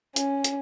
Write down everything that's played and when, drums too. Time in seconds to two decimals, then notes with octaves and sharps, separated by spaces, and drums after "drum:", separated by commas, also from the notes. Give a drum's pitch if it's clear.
0.16 C#4, drum: hi-hat
0.44 drum: hi-hat